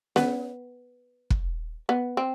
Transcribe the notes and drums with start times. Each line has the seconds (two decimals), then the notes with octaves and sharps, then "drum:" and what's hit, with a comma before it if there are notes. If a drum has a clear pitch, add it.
0.16 B3, drum: snare
1.30 drum: kick
1.89 B3
2.17 C4